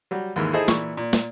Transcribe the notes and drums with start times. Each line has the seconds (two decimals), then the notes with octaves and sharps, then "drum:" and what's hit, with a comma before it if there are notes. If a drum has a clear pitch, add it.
0.11 F#3 G3
0.36 D#2 G#2 D#3 E3 A#4
0.53 D#4 E4 G#4 A4 C5 D#5
0.68 A#2 E3 C#6, drum: snare
0.97 A#2
1.13 drum: snare